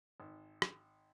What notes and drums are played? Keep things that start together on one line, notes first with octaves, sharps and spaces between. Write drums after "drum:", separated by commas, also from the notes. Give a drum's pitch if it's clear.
G#1
drum: rim click